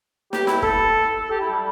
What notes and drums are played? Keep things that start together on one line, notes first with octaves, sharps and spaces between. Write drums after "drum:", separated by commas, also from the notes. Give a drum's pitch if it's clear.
G4, drum: snare
E4, drum: snare
A4, drum: kick
A4
G4
E4
G3